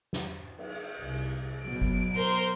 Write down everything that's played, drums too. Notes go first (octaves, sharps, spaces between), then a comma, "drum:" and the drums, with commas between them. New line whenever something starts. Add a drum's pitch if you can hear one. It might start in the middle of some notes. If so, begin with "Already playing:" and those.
drum: snare
drum: cymbal
C2
B2 F#3 D7
drum: kick G1
A#4 C5